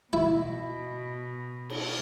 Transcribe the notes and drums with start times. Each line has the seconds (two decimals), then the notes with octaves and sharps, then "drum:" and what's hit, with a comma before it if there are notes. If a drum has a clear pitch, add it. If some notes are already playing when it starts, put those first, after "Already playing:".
0.13 B2 E4
1.70 drum: cymbal